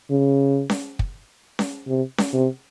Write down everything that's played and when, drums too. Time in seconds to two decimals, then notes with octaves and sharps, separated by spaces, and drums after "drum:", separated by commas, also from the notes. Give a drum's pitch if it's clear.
0.10 C#3
0.70 drum: snare C#4
0.99 drum: kick
1.59 drum: snare C#4
1.88 C3
2.18 drum: snare C#4
2.33 C3